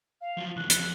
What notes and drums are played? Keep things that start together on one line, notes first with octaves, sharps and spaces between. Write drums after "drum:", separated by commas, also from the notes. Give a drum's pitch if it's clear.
F5
F3 F#3
C#2 E3 F#6
F2, drum: hi-hat